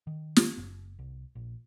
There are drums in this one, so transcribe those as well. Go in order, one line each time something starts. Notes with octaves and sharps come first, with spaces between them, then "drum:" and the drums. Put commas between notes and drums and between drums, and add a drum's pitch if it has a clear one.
D#3
drum: snare
F#1
C2
A#1